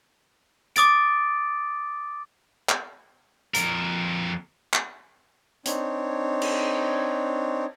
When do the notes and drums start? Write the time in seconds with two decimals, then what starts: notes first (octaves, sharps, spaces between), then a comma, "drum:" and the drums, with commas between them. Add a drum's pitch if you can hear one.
0.76 D6 D#6 A6 D7, drum: hi-hat
2.69 drum: clap
3.54 F2 A#4, drum: hi-hat
4.73 drum: clap
5.65 C4 D4 D#4 C#5, drum: hi-hat
6.42 drum: cymbal